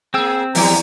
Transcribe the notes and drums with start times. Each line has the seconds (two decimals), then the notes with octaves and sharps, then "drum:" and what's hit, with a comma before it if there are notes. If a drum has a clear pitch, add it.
0.14 A#3 C4 G#4 G5 E6
0.55 E2 E3 F3 G3 D5 A#5, drum: open hi-hat